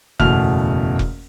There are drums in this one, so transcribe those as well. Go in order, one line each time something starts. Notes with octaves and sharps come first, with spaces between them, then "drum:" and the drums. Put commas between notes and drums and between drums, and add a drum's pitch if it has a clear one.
F#1 E2 B2 A3 F6 F7, drum: kick F1
drum: kick F1